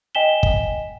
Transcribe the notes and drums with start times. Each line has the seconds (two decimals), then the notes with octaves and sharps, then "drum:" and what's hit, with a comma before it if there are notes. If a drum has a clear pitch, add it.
0.15 D#5 G5 G#5 B6 E7 G7
0.43 drum: kick